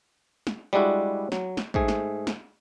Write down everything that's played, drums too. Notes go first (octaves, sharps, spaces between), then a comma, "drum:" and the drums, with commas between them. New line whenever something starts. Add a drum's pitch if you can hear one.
drum: snare
G3 G#3 D4 E4 F#4
F#3, drum: snare
drum: snare
G#2 A3 G#4, drum: kick
drum: snare
drum: snare